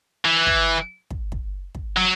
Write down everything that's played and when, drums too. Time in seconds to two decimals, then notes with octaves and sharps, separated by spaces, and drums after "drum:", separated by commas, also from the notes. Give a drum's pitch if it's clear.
0.25 E3
0.46 drum: kick
1.11 drum: kick
1.32 drum: kick
1.75 drum: kick
1.97 F#3